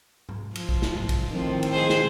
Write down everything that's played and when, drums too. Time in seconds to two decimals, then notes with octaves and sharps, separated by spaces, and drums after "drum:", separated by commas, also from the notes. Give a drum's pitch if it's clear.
0.29 drum: tom G#2
0.55 F3, drum: cymbal
0.69 drum: kick
0.82 drum: snare
0.96 drum: tom G#2
1.09 drum: kick, cymbal
1.32 A2 D#3 F3 C4
1.63 drum: cymbal
1.72 G#4 C5
1.89 drum: snare